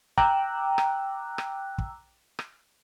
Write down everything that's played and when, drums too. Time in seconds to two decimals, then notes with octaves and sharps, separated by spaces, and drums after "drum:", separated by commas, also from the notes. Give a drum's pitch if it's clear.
0.18 G5 A#5 D6 E6 F#6, drum: kick
0.78 drum: rim click
1.38 drum: rim click
1.78 drum: kick
2.39 drum: rim click